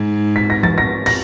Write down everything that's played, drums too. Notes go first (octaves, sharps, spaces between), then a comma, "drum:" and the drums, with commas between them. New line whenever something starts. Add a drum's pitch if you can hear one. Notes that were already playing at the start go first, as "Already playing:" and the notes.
Already playing: G#2
B6
A#6
A6, drum: tom E3
A#6
A#6, drum: cymbal